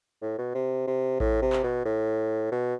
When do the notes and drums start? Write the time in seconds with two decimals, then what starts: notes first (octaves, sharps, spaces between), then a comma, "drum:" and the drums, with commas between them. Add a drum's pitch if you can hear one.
0.22 A2
0.38 B2
0.55 C3
0.87 C3
1.20 A2, drum: kick A1
1.42 C3
1.53 drum: clap
1.64 B2
1.85 A2
2.52 B2